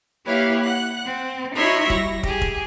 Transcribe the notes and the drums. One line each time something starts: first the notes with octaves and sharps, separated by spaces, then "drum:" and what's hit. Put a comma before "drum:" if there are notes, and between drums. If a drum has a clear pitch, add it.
A#3 E4 G4 B4 C#5 F5
F#5 F#6
C4
D#4 E4 F#4 C#5 E5 C6
G3 A#6, drum: kick
G4 G#4, drum: kick
drum: kick